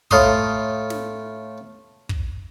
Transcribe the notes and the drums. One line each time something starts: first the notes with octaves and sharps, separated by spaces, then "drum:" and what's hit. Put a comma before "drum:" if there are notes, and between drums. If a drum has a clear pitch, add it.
A2 F4 A#5 C6 D#6, drum: kick
drum: snare
drum: kick